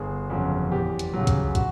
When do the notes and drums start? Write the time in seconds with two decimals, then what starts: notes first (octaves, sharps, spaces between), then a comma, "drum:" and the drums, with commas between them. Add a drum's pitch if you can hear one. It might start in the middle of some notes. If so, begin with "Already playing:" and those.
Already playing: G1 G#4
0.30 F2 C#3 F#3
0.72 E2 G4
0.99 drum: hi-hat
1.13 C#3 F#3
1.27 drum: kick, hi-hat
1.55 F#4, drum: kick, hi-hat